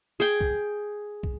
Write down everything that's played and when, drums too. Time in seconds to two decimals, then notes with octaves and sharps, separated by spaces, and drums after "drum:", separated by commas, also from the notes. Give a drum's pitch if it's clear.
0.20 G#4 G5
0.41 drum: kick
1.23 drum: kick